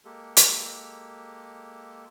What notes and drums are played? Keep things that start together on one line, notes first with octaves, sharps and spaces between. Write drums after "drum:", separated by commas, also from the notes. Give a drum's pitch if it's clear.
G#3 A#3 G4 A4
drum: hi-hat